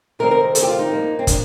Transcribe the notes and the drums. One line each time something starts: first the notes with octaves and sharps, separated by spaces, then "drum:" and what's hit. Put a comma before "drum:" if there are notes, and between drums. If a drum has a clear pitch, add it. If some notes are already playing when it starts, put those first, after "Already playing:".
C3 D#3 G3 C4 A#4
A#4
A4, drum: hi-hat
G4
F4
D#4
G2 F3 A#3
C4
D4, drum: kick, hi-hat